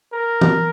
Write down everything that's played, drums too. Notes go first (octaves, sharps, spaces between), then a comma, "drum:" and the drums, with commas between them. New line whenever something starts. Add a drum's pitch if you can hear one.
A#4
drum: tom E3